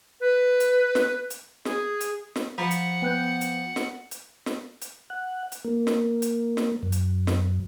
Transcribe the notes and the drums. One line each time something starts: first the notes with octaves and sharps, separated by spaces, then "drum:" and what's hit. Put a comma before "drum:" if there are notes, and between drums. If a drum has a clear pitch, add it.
B4
drum: hi-hat
drum: snare
drum: hi-hat
G#4, drum: snare
drum: hi-hat
drum: snare
F3 F#5 A#5 B5 B6
drum: hi-hat
B3 G5 F#6 G6
drum: hi-hat
drum: snare
drum: hi-hat
drum: snare
drum: hi-hat
F#5
drum: hi-hat
A#3
drum: snare
drum: hi-hat
drum: snare
F#2
drum: hi-hat
drum: snare